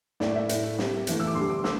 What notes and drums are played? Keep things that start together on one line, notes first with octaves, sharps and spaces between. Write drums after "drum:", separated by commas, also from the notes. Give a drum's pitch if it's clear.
A2 A3 D5, drum: snare
E5
A2 A3, drum: hi-hat
C3 G3, drum: snare
A2 E3 A3, drum: hi-hat
E6
D6
D3 G3 C6
D6
A3 E6, drum: snare